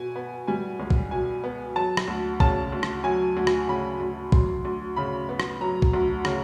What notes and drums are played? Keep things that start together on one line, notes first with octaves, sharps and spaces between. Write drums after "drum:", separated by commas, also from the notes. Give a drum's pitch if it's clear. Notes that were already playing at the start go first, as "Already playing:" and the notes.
Already playing: B2 G#5
B3
G3 G#5
C#2
drum: kick
B2 G#5
B3
F#3 A5
drum: rim click
D2
C#3 A5, drum: kick
D2
drum: rim click
F#3 G#5
D2
drum: rim click
C#3 B5
D2
F#3 C6, drum: kick
D2
C#3 B5
B3
drum: rim click
F#3 A#5
drum: kick
D2
C#3, drum: rim click